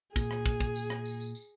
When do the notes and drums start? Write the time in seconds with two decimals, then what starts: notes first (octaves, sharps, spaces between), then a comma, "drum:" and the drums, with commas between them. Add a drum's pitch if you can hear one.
0.16 A#2 G#4, drum: kick, tambourine
0.31 drum: rim click
0.46 drum: kick, tambourine
0.60 drum: kick, tambourine
0.75 drum: tambourine
0.90 drum: rim click
1.05 drum: tambourine
1.20 drum: tambourine
1.35 drum: tambourine